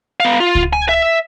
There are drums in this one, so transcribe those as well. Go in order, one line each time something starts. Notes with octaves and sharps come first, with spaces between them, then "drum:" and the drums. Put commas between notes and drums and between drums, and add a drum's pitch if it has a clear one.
B3 F5
F4
drum: kick C#2
G#5
E5